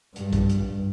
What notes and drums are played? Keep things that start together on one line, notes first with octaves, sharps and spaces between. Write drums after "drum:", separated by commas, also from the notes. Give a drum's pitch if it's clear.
G2, drum: hi-hat
drum: kick, hi-hat
drum: hi-hat